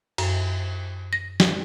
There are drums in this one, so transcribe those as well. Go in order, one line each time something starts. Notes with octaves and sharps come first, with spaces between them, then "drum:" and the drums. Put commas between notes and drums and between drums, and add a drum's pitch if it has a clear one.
F#2, drum: cymbal
A#6
drum: snare